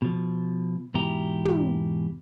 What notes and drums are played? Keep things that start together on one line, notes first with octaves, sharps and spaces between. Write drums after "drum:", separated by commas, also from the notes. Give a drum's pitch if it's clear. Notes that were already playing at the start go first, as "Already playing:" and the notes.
B2 F3
E2 G#2 B2 E4 G4 A#5
drum: tom